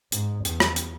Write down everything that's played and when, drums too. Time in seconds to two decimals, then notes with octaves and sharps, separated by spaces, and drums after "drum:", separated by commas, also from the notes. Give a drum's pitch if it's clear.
0.12 G#2, drum: hi-hat
0.45 E2, drum: hi-hat
0.60 drum: rim click
0.76 drum: hi-hat